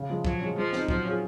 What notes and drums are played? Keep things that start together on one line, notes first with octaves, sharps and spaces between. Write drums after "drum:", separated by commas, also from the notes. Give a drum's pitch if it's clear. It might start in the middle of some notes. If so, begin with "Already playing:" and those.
Already playing: C#3
F3 G#3
F3 F#3, drum: kick
G#3 C#4
F3 G#3
C4, drum: snare
D#4
F3 F#3, drum: kick
C#4 F4 G#4